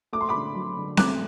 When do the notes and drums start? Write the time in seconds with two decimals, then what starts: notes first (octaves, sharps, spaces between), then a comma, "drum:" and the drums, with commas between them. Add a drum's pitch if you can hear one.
0.13 A3 D6
0.21 C6
0.29 B5 D6
0.35 D3
0.55 F#3
0.77 D3
0.97 A3 D6 F#6, drum: snare C4